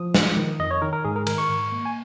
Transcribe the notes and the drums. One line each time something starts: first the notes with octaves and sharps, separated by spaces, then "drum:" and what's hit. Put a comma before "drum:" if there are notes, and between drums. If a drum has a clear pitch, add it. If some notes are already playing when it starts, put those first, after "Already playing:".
Already playing: F3 D#6
G#3, drum: snare
D#3
F2 D#5
C#5
D#3 A#4
A#4
G#2 G#4
A#4
D#3 A#4, drum: cymbal
C#6
G#2
A#3
G#5